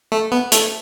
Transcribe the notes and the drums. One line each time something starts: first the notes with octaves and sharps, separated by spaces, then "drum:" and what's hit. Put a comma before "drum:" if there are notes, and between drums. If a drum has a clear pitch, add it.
A3
B3
A3, drum: hi-hat